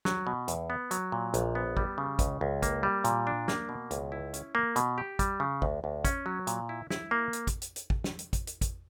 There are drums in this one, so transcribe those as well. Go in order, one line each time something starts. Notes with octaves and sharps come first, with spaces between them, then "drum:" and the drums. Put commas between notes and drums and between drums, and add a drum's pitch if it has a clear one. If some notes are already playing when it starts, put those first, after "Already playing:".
F#3, drum: snare
B2
E2, drum: hi-hat
B3
F#3, drum: hi-hat
A#2
A#1, drum: hi-hat
B3
G3, drum: kick
C#3
C#2, drum: kick, hi-hat
C#2
A#3, drum: kick, hi-hat
G3
A#2, drum: hi-hat
D4
A#3, drum: snare
B2
C#2, drum: hi-hat
E4
C#4, drum: hi-hat
A#3
B2, drum: hi-hat
G4
G3, drum: kick, hi-hat
C#3
D2, drum: kick
D2
C#4, drum: kick, hi-hat
F#3
A#2, drum: hi-hat
E4
E4, drum: snare
A#3
drum: hi-hat
drum: kick, hi-hat
drum: hi-hat
drum: hi-hat
drum: kick
drum: snare
drum: hi-hat
drum: kick, hi-hat
drum: hi-hat
drum: kick, hi-hat